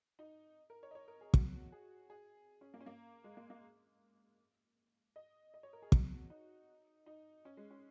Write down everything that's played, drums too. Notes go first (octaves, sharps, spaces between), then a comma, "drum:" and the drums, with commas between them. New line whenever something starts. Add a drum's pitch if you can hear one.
D#4
A#4
C#5
D#5
C#5
A#4
G#4
F#4, drum: kick
G#4
G#4
C#4
A#3
C#4
A#3
G#3
A#3
A#3
D#5
D#5
C#5
A#4
G#4
F#4, drum: kick
D#4
D#4
C#4
G#3
C#4